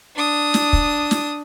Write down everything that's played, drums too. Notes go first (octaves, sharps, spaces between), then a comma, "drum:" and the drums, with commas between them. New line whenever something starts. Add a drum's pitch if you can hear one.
D4 D#6
drum: snare
drum: kick
drum: snare